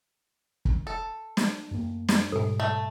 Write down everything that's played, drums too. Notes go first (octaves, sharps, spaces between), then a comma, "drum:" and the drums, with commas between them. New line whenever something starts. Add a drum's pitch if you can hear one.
drum: kick
A4
drum: snare
F#2 A3 A#3
drum: snare
G#2 B2 G3 A4 G#5
A3